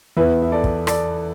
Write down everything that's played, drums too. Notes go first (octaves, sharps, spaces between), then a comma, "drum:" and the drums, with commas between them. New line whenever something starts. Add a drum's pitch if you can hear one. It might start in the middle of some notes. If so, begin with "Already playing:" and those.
E2 E3 B3 B4 E5
E5
A4 D5
drum: kick
A4 D5, drum: rim click